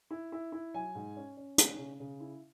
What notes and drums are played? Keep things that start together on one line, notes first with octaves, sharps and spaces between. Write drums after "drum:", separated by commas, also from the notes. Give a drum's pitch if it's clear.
E4
E4
E4
F#3 G#5
G#2
C#4
C#4
C#4, drum: hi-hat
C#3
C#3
E4